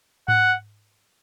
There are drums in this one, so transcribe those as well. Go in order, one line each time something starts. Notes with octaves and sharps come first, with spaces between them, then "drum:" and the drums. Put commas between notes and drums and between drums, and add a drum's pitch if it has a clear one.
F#5, drum: tom G#2